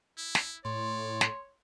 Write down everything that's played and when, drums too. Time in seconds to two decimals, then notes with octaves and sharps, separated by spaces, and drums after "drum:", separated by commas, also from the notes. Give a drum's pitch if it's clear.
0.18 E4
0.35 drum: snare
0.65 A2 C#5 D5 C6
1.21 drum: snare